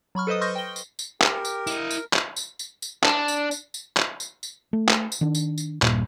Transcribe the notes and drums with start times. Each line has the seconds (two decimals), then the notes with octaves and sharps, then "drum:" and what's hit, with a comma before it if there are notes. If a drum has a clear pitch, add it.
0.15 F#3 B5 C#6 F6
0.27 A4 B4 C5 D#5 D#6
0.41 C6 C#6 D#6 F6 G6 A#6
0.55 G5 G7
0.76 drum: tambourine
0.99 drum: tambourine
1.22 G4 A#4, drum: clap
1.45 drum: tambourine
1.67 E4 D#5, drum: tambourine
1.91 drum: tambourine
2.14 drum: clap
2.36 drum: tambourine
2.59 drum: tambourine
2.82 drum: tambourine
3.04 D4, drum: clap
3.28 drum: tambourine
3.51 drum: tambourine
3.74 drum: tambourine
3.97 drum: clap
4.20 drum: tambourine
4.43 drum: tambourine
4.73 A3
4.89 drum: clap
5.12 drum: tambourine
5.21 D#3 D4
5.35 drum: tambourine
5.58 drum: tambourine
5.82 D#1 G2 A#2, drum: clap